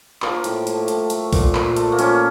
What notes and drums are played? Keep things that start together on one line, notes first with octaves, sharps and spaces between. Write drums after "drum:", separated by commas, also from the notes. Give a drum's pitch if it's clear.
F3 A#3, drum: clap
A2, drum: hi-hat
A3, drum: hi-hat
A2, drum: hi-hat
A3, drum: hi-hat
A#2, drum: kick A#1, open hi-hat
A#2, drum: clap
A3, drum: hi-hat
A#3
F3 C#4, drum: hi-hat